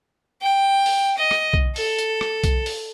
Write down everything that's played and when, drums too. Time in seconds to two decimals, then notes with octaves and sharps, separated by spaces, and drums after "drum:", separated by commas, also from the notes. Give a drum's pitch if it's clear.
0.42 G5
0.86 drum: open hi-hat
1.17 D#5
1.31 drum: rim click
1.53 drum: kick B1
1.76 A4, drum: open hi-hat
1.99 drum: hi-hat
2.21 drum: rim click
2.44 drum: kick B1, hi-hat
2.66 drum: open hi-hat